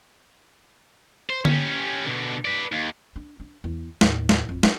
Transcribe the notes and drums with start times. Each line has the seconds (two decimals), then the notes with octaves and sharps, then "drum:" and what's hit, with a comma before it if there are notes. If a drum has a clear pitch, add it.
1.30 C5
1.45 C#4 G4, drum: tom D3
2.05 B2 D3
2.45 B4 D5
2.72 D#2
3.16 D4
3.40 D4
3.64 E2
4.01 D#2 A2, drum: snare
4.29 drum: snare
4.49 A1 F2
4.63 D4, drum: snare